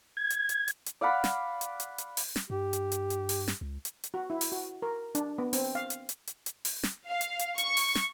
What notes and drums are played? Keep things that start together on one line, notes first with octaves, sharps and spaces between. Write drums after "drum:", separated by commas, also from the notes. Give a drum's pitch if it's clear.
G#6
drum: hi-hat
drum: hi-hat
drum: hi-hat
drum: hi-hat
D5 F5 F#5 B5
drum: snare
drum: hi-hat
drum: hi-hat
drum: hi-hat
drum: open hi-hat
drum: snare
G2 G4
drum: hi-hat
drum: hi-hat
drum: hi-hat
drum: open hi-hat
drum: snare
C#2
drum: hi-hat
drum: hi-hat
F#4
E4
drum: open hi-hat
F#4
A#4
D4, drum: hi-hat
B3
C4, drum: open hi-hat
F5
drum: hi-hat
drum: hi-hat
drum: hi-hat
drum: hi-hat
drum: open hi-hat
drum: snare
F5
drum: hi-hat
drum: hi-hat
C#6, drum: hi-hat
drum: open hi-hat
drum: snare